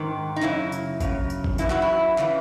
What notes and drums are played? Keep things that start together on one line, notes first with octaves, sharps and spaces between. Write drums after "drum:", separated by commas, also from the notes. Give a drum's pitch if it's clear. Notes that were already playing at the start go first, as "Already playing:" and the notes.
Already playing: G#2 D#3
D#4
F#2 C#3 E4, drum: clap
drum: tambourine
F#2 C#3, drum: kick, tambourine
drum: tambourine
drum: kick
F#2 C#3 E3 E4, drum: tambourine
F#4, drum: clap
E4
C#3 E3, drum: clap